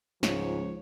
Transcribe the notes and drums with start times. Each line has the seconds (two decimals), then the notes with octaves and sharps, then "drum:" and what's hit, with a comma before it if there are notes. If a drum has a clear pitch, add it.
0.23 C#2 G#2 F3 C#5, drum: snare